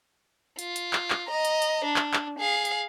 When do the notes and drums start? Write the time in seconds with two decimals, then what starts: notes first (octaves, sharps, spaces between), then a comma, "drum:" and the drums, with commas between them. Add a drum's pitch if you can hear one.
0.59 F4, drum: hi-hat
0.76 drum: hi-hat
0.93 drum: clap
1.10 drum: clap
1.27 D#5 A#5
1.45 drum: hi-hat
1.62 drum: hi-hat
1.85 D4
1.96 drum: clap
2.13 drum: clap
2.39 G#4 F5
2.65 drum: hi-hat